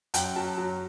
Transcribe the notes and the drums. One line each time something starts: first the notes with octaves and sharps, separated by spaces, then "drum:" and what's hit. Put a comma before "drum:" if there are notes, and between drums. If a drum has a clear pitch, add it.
F#2 G5, drum: hi-hat
F#3 A5
F#3